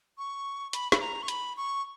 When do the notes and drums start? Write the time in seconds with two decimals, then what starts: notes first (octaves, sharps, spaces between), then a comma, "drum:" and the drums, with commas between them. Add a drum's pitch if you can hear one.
0.18 C#6
0.73 B5, drum: hi-hat
0.92 B5, drum: snare
1.01 A#5
1.23 C#6
1.28 B5, drum: hi-hat
1.57 C#6